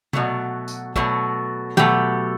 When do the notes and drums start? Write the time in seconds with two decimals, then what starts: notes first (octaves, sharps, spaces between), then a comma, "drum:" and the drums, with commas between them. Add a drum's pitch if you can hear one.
0.13 B2 F#3 A3, drum: tom
0.68 drum: tambourine
0.96 B2 F#3 A3, drum: kick
1.77 B2 F#3 A3 G4, drum: tom D#3